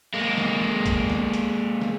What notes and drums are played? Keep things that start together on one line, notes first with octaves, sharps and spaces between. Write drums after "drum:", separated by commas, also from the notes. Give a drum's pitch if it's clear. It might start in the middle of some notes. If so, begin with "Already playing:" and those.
G#3 A#3
drum: snare
drum: tom
drum: kick, hi-hat
drum: snare
drum: hi-hat
drum: snare